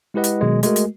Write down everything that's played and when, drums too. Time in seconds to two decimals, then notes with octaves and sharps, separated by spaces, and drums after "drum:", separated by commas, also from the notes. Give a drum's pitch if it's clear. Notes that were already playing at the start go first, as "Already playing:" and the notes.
0.14 G#3 E4 G4 B4 D#5 F#5
0.24 drum: hi-hat
0.41 B2 D#3 F#3 G#3
0.63 G#3 A3 F#4 A#4, drum: hi-hat
0.76 drum: hi-hat